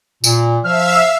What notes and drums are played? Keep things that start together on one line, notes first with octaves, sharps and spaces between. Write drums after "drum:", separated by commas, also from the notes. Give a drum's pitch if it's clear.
A#2, drum: tambourine
F3 E5 F5 E6 F6